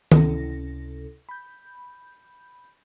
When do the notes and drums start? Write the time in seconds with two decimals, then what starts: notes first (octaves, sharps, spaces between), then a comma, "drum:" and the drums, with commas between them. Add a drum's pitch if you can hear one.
0.12 C#2 C3 C#4 E4 A4 A#6, drum: tom D#3
1.29 B5 G6